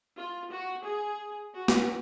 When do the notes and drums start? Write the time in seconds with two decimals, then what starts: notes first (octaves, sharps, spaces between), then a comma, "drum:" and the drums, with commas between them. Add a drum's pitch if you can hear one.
0.17 F4
0.51 F#4
0.85 G#4
1.54 F#4
1.68 drum: snare A#3